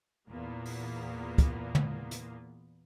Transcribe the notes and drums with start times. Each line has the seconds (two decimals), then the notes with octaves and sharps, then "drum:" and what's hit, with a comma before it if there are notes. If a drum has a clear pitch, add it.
0.29 E2 A#2 A#3 B3
0.66 drum: open hi-hat
1.38 drum: kick, hi-hat
1.75 drum: tom
2.11 drum: hi-hat